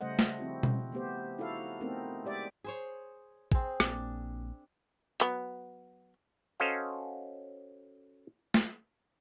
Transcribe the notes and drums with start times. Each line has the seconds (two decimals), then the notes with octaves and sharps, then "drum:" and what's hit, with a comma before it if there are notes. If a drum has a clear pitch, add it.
0.01 C#3 G3 A3 C5 D#5 F#5
0.19 drum: snare
0.39 F3 C4 E4 F#4
0.63 drum: tom B2
0.92 A3 B3 G4 C5
1.38 D#4 E4 F#4 A4 F5
1.80 A3 B3 C4 D#4 A4 A#4
2.25 G#3 G4 D5 E5
2.64 G#4 C5 C#5
3.52 C4 G#4, drum: kick
3.80 A#1 A#3 C4 D4, drum: rim click
5.20 F#3 B3, drum: hi-hat
6.60 C#4 F#4 A4 C5 D#5 F5
8.54 drum: snare